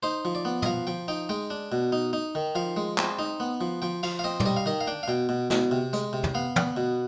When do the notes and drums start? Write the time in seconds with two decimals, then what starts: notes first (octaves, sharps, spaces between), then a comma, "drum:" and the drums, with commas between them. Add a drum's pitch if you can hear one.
0.03 D#4 C5
0.25 F3
0.35 D5
0.45 B3
0.62 D#5, drum: tom
0.66 F3 F5
0.87 F3 G5
1.08 D#4 G5
1.29 G#3 G5
1.50 D4
1.72 B2
1.92 D#4
2.13 D#4
2.35 D#3
2.55 F3 F5
2.77 G#3
2.98 C4, drum: clap
3.19 D#4
3.40 B3
3.61 F3
3.82 F3 G5
4.03 F3 F5, drum: cymbal
4.19 F5
4.24 C4 D#5
4.40 D5, drum: tom
4.46 G3 D#5
4.57 F5
4.66 D#3 D#5
4.80 F5
4.87 D4 G5
5.03 F5
5.08 B2 G5
5.29 B2
5.50 B2, drum: snare
5.71 C3
5.93 G#3, drum: hi-hat
6.13 C3
6.23 drum: tom
6.35 B3 F5
6.56 B3, drum: tom
6.77 B2